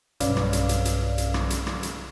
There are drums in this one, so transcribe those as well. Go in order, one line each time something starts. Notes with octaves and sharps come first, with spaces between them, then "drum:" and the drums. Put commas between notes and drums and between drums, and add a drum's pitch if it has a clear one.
B1 G2 C#4 B4 D5 F5, drum: hi-hat
drum: rim click
drum: hi-hat
drum: hi-hat
drum: hi-hat
drum: hi-hat
drum: rim click
drum: hi-hat
drum: rim click
drum: hi-hat